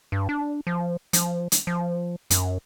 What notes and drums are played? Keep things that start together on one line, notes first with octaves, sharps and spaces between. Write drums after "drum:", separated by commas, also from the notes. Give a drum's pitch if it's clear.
G2
D4
F3
F3, drum: hi-hat
drum: hi-hat
F3
F#2, drum: hi-hat